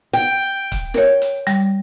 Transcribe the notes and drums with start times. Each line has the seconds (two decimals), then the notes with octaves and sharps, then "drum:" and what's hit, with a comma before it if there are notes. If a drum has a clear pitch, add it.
0.13 G5
0.72 drum: kick, hi-hat
0.94 A#4 C#5, drum: snare
1.22 drum: hi-hat
1.47 G3, drum: hi-hat